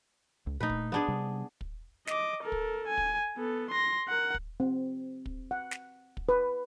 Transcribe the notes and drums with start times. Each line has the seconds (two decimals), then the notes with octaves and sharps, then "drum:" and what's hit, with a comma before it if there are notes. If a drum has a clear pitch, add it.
0.47 C#2
0.60 A#2 A3 D#4 B4
0.69 drum: kick
0.92 B3 D4 G#4
1.08 C3 G3
1.61 drum: kick
2.07 D#5 D6, drum: snare
2.43 A4 A#4
2.52 drum: kick
2.87 G#5
2.98 drum: kick
3.37 B3 A4
3.71 C6 A#6
4.08 A#4 F#5
4.34 drum: kick
4.60 C4
5.26 drum: kick
5.51 F#5
5.71 drum: snare
6.17 drum: kick
6.29 B4